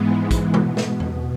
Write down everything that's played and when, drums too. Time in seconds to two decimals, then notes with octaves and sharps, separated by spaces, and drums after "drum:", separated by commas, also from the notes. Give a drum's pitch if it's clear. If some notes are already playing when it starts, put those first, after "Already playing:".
Already playing: G#2 E3 G#3 B3
0.31 drum: kick, hi-hat
0.54 B2 B3, drum: tom
0.77 drum: snare
1.00 drum: tom E2